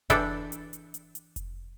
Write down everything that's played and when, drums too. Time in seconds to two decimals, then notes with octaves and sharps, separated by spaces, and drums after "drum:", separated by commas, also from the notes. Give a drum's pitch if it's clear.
0.10 E3 D4 A4 G5, drum: kick F1, hi-hat
0.52 drum: hi-hat
0.73 drum: hi-hat
0.94 drum: hi-hat
1.15 drum: hi-hat
1.36 drum: kick F1, hi-hat